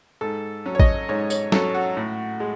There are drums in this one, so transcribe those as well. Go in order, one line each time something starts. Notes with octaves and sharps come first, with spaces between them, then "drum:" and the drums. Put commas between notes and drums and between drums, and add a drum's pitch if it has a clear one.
G#2 A4
F#3 C#4
C#5
D#5, drum: kick
G#2 C#5
C#5, drum: tambourine
F#3 C#4 A4, drum: snare
F#4
A2
G#3